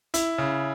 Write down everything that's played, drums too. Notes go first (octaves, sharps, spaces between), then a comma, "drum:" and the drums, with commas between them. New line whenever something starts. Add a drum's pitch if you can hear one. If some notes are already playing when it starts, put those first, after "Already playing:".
E4, drum: hi-hat
C#3